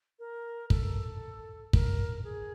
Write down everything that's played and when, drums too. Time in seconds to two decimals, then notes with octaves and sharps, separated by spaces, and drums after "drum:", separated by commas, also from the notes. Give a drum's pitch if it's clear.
0.19 A#4
0.70 A4, drum: kick
1.73 A#4, drum: kick
2.24 G#4